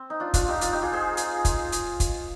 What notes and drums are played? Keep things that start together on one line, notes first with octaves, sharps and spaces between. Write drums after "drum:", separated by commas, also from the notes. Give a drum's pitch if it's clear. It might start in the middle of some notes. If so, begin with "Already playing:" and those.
Already playing: C4
D#4
D4 F4
D4 F4, drum: kick, hi-hat
D#4 G4
D4 F4, drum: hi-hat
D#4 G4
F4 G#4
G#4 C5
drum: hi-hat
drum: kick, hi-hat
drum: hi-hat
drum: kick, hi-hat